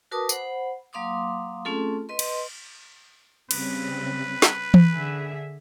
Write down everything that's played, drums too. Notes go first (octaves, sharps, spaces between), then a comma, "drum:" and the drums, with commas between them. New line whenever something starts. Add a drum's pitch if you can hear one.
F#4 A#4 B4 A5 D6 D#6
C5 F#5 B5, drum: tambourine
F#3 A#3 F5 C6 D6 D#6
A3 C4 C#4 F4 G#4 A4
B4 D#5 C6
drum: cymbal
C#3 G3 C4 B4, drum: cymbal
drum: snare
drum: tom E3
D3 G#4 E5